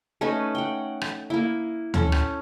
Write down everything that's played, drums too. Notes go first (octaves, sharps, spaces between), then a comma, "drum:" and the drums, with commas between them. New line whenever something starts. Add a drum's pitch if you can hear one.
A3 C#4 D#4 B4
F#5 G5
drum: rim click
A#3 E4
C#4 A4, drum: tom D2
drum: rim click